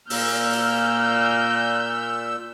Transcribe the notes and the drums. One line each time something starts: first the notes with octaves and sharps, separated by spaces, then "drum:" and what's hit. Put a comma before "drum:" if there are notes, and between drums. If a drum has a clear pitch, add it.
A#2 A#3 E6 F6 G6, drum: open hi-hat
drum: cymbal